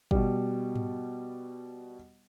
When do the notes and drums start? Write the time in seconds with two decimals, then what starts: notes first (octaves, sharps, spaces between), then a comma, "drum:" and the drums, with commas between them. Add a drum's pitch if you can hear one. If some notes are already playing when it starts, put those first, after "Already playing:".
0.11 B2 G3, drum: kick
0.75 drum: tom G#2